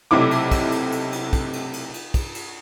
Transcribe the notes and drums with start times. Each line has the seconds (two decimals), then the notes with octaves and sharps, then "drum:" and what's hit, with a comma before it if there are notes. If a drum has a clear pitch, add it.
0.11 B1 C3 A3 E4 D6
0.31 drum: cymbal
0.51 drum: kick, cymbal
0.72 drum: cymbal
0.92 drum: cymbal
1.12 drum: cymbal
1.33 drum: kick, cymbal
1.53 drum: cymbal
1.74 drum: cymbal
1.94 drum: cymbal
2.14 drum: kick, cymbal
2.35 drum: cymbal